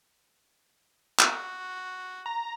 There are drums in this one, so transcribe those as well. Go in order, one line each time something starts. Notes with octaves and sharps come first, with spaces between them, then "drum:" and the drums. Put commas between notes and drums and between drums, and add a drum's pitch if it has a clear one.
F#4, drum: clap
A#5